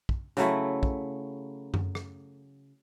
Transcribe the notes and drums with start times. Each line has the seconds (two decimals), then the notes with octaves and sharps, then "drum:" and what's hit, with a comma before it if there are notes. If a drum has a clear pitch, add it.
0.09 drum: kick
0.37 C#3 F#3 A3 E4, drum: hi-hat
0.83 drum: kick
1.74 drum: tom F#2
1.95 drum: rim click